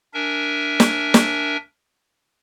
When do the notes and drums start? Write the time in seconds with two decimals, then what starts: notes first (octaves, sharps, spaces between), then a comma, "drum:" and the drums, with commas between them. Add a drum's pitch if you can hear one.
0.14 D4 A#4 E5 G#5
0.80 drum: snare
1.14 drum: snare